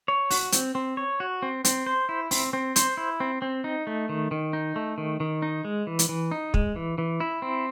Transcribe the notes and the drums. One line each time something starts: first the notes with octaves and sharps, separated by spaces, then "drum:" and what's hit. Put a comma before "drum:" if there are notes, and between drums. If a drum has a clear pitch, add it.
C#5
F#4, drum: open hi-hat
C4, drum: hi-hat
C4
C#5
F#4
C4
C4, drum: hi-hat
C5
E4
C4, drum: open hi-hat
C4
C5, drum: hi-hat
E4
C4
C4
D#4
A3
D#3
D#3
D#4
A3
D#3
D#3
D#4
G#3
E3
drum: hi-hat
E3
D#4
G#3, drum: kick
E3
E3
E4
C4